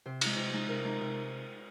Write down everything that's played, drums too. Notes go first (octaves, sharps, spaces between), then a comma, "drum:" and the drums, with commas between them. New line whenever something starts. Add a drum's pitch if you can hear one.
C3 C5
G#3 D#4, drum: cymbal
C3
G#3 D#4
C3 A#4
G#3 D#4
C3